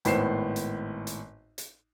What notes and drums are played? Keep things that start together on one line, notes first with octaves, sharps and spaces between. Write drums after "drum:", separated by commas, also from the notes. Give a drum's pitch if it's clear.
G#1 A2 B3 C5 C7 E7, drum: hi-hat
drum: hi-hat
drum: hi-hat
drum: hi-hat